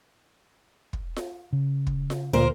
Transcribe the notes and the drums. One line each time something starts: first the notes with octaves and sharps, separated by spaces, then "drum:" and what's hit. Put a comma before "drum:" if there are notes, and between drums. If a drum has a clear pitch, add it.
drum: kick
drum: snare F4
C#3
drum: kick
drum: snare F4
D2 A#2 A#4 C5